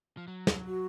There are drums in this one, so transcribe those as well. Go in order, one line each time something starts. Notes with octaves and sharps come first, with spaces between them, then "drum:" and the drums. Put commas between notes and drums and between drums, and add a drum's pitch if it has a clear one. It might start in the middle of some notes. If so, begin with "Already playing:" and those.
F3
F#3
drum: snare
F#4